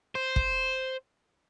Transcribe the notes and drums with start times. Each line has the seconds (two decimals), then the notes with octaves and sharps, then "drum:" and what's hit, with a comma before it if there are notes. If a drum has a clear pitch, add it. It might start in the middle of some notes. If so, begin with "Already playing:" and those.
0.15 C5
0.36 drum: kick